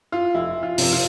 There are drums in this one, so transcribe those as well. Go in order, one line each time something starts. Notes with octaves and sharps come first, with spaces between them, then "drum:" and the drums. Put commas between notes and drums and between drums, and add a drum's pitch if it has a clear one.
F4
F1 E4
F4
F2 C3, drum: open hi-hat
F4